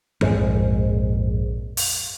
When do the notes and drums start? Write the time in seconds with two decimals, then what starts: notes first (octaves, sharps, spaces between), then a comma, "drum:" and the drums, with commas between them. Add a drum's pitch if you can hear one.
0.21 A#1 F2 G#2 G#3, drum: tom F3
1.77 drum: open hi-hat